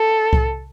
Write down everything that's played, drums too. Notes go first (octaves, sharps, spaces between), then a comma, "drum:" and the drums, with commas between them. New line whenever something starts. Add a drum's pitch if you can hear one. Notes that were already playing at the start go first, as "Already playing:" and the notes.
Already playing: A4
drum: kick C2